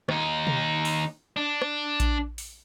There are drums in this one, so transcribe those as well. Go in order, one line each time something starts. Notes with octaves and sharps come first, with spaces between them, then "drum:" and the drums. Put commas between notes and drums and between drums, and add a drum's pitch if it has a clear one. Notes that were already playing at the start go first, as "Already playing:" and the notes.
D#2 D#4, drum: rim click
drum: tom B2
drum: open hi-hat
D4
drum: rim click
drum: kick A#1, hi-hat
drum: open hi-hat